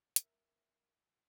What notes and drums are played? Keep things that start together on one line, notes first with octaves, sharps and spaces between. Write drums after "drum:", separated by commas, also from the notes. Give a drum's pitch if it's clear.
A#4 E5, drum: hi-hat